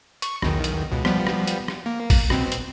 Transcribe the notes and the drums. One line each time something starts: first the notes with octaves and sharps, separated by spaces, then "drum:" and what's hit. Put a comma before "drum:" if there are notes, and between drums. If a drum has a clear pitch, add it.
C#6, drum: hi-hat
B1 E2 D#3, drum: rim click
drum: hi-hat
C#2 B2
F3 G3 B3, drum: rim click
drum: rim click
drum: hi-hat
drum: rim click
A#3
drum: kick, open hi-hat
B2 C4, drum: rim click
drum: hi-hat